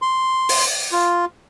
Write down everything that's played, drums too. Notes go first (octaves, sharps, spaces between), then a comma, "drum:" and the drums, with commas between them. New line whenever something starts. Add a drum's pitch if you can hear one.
C6
drum: open hi-hat
F4